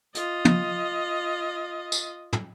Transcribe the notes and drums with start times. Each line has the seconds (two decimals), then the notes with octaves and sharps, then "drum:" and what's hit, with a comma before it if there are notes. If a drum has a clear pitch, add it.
0.15 F4 D#5, drum: hi-hat
0.45 drum: tom
1.92 drum: tambourine
2.33 drum: tom